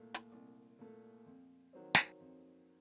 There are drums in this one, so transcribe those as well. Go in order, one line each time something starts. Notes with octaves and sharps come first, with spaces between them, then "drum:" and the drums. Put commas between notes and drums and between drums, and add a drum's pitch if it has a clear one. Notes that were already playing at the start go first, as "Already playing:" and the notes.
Already playing: C2 A#2 A3
drum: hi-hat
C2
A#2 A3
F2
D#3 F#3 C4
drum: snare
F2